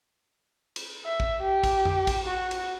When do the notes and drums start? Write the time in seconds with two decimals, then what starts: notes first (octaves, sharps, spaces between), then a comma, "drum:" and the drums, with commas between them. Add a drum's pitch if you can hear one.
0.76 drum: cymbal
1.05 E5
1.20 drum: kick A1
1.42 G4
1.63 drum: kick A1, cymbal
1.85 drum: tom F2
2.07 drum: kick A1, cymbal
2.26 F#4
2.51 drum: cymbal